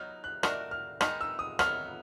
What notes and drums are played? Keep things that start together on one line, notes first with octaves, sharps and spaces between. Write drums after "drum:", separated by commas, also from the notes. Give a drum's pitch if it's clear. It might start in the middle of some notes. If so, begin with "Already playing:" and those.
Already playing: F#3 B3 D#4 F6
F#6
A3 D4 F#4 A#4 D#5 F6, drum: rim click
F6
D#3 G#3 B3 D#4 F6, drum: rim click
E6
D#6
D#3 F#3 B3 F6, drum: rim click